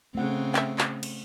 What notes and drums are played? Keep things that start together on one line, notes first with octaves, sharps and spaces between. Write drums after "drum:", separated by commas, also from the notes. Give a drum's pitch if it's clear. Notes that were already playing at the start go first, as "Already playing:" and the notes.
C#3 A3 C4 F#5
E5 G5, drum: clap
drum: clap
drum: cymbal